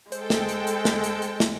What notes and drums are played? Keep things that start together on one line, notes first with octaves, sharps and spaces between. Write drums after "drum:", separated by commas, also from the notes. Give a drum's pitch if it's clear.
G#3 A4 C5 G5, drum: hi-hat
drum: snare
drum: hi-hat
drum: hi-hat
drum: snare
drum: hi-hat
drum: hi-hat
drum: snare